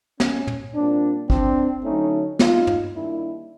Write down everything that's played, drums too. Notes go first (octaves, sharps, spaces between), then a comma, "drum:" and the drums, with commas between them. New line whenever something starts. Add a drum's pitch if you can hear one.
C#4, drum: snare
drum: tom
A#2 G3 A#3 C4 D4
C4 D4, drum: kick
D3 F#3 A3 C#4 D#4
D#4 F4, drum: snare
drum: tom
D#3 G3 A#3 D4 E4